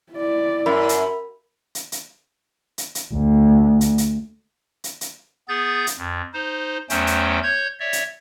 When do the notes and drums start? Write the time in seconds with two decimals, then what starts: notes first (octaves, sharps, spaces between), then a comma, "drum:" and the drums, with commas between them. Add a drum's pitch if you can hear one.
0.13 E4 D5
0.66 F#2 A#4 B5
0.89 drum: hi-hat
1.75 drum: hi-hat
1.92 drum: hi-hat
2.78 drum: hi-hat
2.95 drum: hi-hat
3.14 D2
3.81 drum: hi-hat
3.98 drum: hi-hat
4.84 drum: hi-hat
5.01 drum: hi-hat
5.48 B3 G#4 G6 A6
5.87 drum: hi-hat
5.97 F2
6.34 D#4 C5
6.90 E2 F#3 A3 C#4 C5 G5, drum: hi-hat
7.07 drum: hi-hat
7.43 C#5 G6 G#6
7.80 C#5 D5 E5
7.93 drum: hi-hat